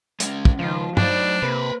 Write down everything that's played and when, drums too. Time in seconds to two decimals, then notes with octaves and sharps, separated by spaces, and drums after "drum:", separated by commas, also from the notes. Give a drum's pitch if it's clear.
0.20 G#3 C#4, drum: hi-hat
0.45 drum: kick
0.59 C#2 D#3 F3 F4
0.97 F#3 D4 D#4 C5 D5, drum: tom
1.42 C3 A#3 A#4 B4